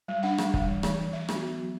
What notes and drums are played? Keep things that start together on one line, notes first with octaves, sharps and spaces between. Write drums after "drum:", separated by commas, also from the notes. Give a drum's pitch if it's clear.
G3
D4 F#5
G3, drum: rim click
G3, drum: kick
E3
E3, drum: rim click
E3
E3 E5
B3, drum: rim click
F#4
B3
F#3